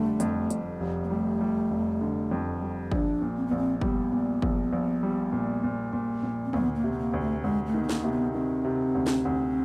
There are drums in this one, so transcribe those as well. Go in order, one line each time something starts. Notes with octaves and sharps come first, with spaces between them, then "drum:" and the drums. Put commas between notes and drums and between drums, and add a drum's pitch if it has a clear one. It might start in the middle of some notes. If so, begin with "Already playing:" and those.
Already playing: F1 D3 G3 A3
F2, drum: hi-hat
F2, drum: hi-hat
F1
A#3
G3 A3
G3
F1
D3
F2
G3
A#1 D4, drum: kick G1
A#2
C4
A#1 B3
C4
G3 B3, drum: kick G1
A#2
A#1, drum: kick G1
A#1
G3
A#2
A#2
A#2
A#2
C4
D2 B3, drum: tom
A#3
C3
B3
A#3
D2
A3
D2 G#3
A3
D#3
B3
A#3, drum: snare
C3 A#3
B3
D#3 C4
C3
D2
drum: snare
D2